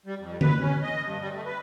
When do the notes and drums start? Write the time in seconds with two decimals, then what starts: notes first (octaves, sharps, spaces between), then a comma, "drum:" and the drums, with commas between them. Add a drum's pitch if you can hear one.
0.06 G3
0.19 F2
0.41 B4, drum: tom D3
0.59 C#4
0.82 D#5
1.02 G2
1.20 G3
1.34 A3
1.45 B4